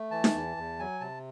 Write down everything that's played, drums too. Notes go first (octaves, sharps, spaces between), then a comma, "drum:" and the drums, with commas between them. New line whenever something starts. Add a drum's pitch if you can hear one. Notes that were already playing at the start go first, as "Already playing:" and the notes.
Already playing: A3
E3 A5
drum: snare D#4
E2
E2
F#3 G#5
C3 A5